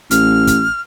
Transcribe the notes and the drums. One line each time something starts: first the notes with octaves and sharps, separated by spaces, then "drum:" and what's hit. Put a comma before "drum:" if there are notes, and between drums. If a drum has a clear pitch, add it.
A1 F6, drum: hi-hat
drum: kick, hi-hat